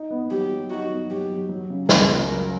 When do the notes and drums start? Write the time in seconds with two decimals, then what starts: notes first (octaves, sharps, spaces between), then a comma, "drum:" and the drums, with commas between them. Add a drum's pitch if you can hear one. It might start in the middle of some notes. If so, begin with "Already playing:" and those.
Already playing: D#4
0.10 B3
0.31 F#3 G4
0.51 F#3
0.70 D#4 F#4
0.90 B3
1.10 F#3 G4
1.30 F#3
1.49 F#3
1.70 C#3
1.89 C#2 A#4, drum: snare
2.09 C#2
2.29 F#3